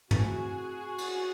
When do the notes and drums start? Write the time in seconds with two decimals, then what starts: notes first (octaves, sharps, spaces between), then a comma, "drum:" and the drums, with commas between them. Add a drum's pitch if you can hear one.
0.11 C3 E3 A3 F#4 G#4, drum: tom
0.98 drum: cymbal